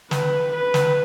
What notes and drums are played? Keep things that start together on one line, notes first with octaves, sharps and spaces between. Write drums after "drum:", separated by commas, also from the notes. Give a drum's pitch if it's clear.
B4, drum: snare
B4
drum: snare